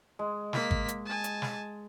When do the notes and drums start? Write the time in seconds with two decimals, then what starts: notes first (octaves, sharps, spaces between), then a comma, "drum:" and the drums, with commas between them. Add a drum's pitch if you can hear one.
0.19 G#3
0.53 A#3 B6, drum: snare
0.71 drum: kick
0.88 drum: hi-hat
1.06 G#5 A5
1.24 drum: hi-hat
1.42 drum: snare